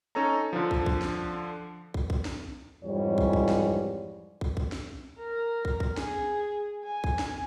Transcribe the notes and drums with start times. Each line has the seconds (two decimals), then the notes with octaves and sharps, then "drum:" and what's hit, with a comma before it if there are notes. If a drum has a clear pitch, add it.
0.15 C#4 D#4 A4 C#5 A#5
0.53 D3 F3
0.71 drum: kick
0.86 drum: kick
1.02 drum: snare
1.94 drum: kick
2.10 drum: kick
2.25 drum: snare
2.84 F2 G#2 E3 G3 C#5
3.18 drum: kick
3.33 drum: kick
3.49 drum: snare
4.41 drum: kick
4.57 drum: kick
4.72 drum: snare
5.19 A#4
5.65 drum: kick
5.80 drum: kick
5.97 G#4, drum: snare
6.84 G#5
7.04 drum: kick
7.19 drum: snare